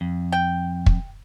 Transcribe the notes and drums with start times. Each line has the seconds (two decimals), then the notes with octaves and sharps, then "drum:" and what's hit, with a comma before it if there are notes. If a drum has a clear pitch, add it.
0.01 F2
0.32 G5
0.86 drum: kick